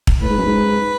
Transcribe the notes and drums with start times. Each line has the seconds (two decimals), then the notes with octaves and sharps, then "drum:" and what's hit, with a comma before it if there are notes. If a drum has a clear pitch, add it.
0.07 drum: kick
0.21 A2 B4
0.29 G#2
0.38 F#2
0.46 G#2